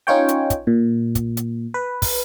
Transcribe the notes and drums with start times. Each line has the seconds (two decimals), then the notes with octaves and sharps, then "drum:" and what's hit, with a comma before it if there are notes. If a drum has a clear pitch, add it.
0.07 C#4 D#4 F4 C#5 G5
0.29 drum: hi-hat
0.50 drum: kick, hi-hat
0.67 A#2
1.15 drum: kick, hi-hat
1.37 drum: hi-hat
1.74 B4
2.02 drum: kick, open hi-hat